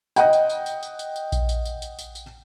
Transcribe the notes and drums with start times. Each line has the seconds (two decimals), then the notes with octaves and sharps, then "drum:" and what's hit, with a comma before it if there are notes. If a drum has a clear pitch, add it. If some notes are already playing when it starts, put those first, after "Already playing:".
0.16 D#5 F#5 G5, drum: tambourine
0.33 drum: tambourine
0.50 drum: tambourine
0.66 drum: tambourine
0.83 drum: tambourine
0.99 drum: tambourine
1.16 drum: tambourine
1.32 drum: kick A#1, tambourine
1.49 drum: tambourine
1.65 drum: tambourine
1.82 drum: tambourine
1.99 drum: tambourine
2.15 drum: tambourine